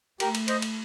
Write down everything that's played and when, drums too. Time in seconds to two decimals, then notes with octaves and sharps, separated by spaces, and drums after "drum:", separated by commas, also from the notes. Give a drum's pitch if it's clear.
0.20 A3 G4 A#4, drum: cymbal
0.35 drum: cymbal
0.48 C5 D#5, drum: cymbal
0.62 drum: cymbal